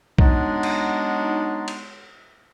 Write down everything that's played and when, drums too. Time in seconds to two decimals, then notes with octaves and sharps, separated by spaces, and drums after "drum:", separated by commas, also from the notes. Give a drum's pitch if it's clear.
0.18 F#3 G#3 B3 D4 D#4, drum: kick B1
0.63 drum: cymbal
1.68 drum: cymbal